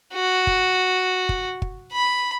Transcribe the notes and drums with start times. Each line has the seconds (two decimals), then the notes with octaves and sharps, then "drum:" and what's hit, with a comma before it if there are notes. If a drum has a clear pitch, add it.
0.14 F#4
0.47 drum: kick
1.29 drum: kick
1.62 drum: kick
1.92 B5